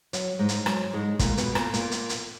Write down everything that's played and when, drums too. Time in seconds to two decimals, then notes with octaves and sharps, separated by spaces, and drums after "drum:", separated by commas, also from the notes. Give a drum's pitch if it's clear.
0.13 F#3, drum: hi-hat
0.39 G#2 G#3
0.49 drum: hi-hat
0.66 F#3, drum: rim click
0.93 G#2 G#3
1.19 A#2 A#3, drum: kick, hi-hat
1.37 B2 B3, drum: hi-hat
1.55 A#2 A#3, drum: rim click
1.74 A#2 A#3, drum: hi-hat
1.91 drum: hi-hat
2.09 drum: hi-hat